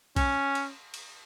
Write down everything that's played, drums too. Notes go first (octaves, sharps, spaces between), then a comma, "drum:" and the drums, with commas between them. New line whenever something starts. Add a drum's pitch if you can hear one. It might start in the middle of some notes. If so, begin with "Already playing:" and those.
C#4, drum: kick B1, cymbal
drum: cymbal
drum: cymbal